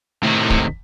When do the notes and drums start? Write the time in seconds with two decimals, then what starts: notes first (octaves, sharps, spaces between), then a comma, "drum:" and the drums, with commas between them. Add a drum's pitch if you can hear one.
0.23 A2 C3 D#3
0.50 drum: kick